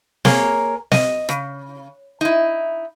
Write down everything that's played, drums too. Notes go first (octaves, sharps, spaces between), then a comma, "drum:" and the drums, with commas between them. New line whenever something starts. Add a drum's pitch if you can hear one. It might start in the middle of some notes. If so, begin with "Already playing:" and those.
A#3 G#4 A#4 C#5, drum: snare
D#5, drum: snare
C#3, drum: rim click
D#4 E4